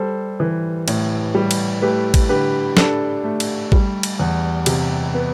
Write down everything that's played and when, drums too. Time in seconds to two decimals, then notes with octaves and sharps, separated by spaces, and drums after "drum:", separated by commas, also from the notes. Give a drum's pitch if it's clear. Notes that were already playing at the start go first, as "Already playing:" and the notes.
Already playing: G3 A4 C5
0.40 E3
0.88 A2, drum: cymbal
1.35 G3
1.51 drum: cymbal
1.82 A3 G4 B4
2.14 drum: kick, cymbal
2.29 D3 G4 B4
2.77 D4 A4, drum: snare
3.24 A3
3.40 drum: cymbal
3.72 G3, drum: kick
4.03 drum: cymbal
4.19 E2
4.66 C3 G4, drum: cymbal
5.14 B3